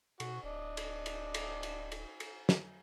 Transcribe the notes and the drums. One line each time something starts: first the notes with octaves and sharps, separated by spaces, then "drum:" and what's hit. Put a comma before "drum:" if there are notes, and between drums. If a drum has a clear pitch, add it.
B2 F#4, drum: cymbal
D1 D4 D#5
drum: cymbal
drum: cymbal
drum: cymbal
drum: cymbal
drum: cymbal
drum: cymbal
drum: snare